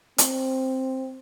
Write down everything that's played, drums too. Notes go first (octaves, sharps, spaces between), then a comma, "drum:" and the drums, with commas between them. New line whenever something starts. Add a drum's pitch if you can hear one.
C4, drum: hi-hat